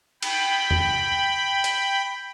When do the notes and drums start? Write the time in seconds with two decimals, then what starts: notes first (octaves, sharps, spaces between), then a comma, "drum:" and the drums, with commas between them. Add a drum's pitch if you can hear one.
0.22 G5 B5, drum: cymbal
0.70 drum: tom E2
1.64 drum: hi-hat